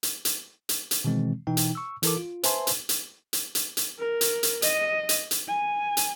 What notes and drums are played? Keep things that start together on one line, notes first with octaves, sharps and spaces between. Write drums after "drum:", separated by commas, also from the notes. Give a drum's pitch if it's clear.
drum: hi-hat
drum: hi-hat
drum: hi-hat
drum: hi-hat
B2 D#3 E3 G#3 C4
B2 E3 D#4 G5
drum: hi-hat
C#6 E6
E3 E4 A4 A#4 D6, drum: hi-hat
F4
B4 C5 E5 G#5 A5 C6, drum: hi-hat
drum: hi-hat
drum: hi-hat
drum: hi-hat
drum: hi-hat
drum: hi-hat
A#4
drum: hi-hat
drum: hi-hat
D#5, drum: hi-hat
drum: hi-hat
drum: hi-hat
G#5
drum: hi-hat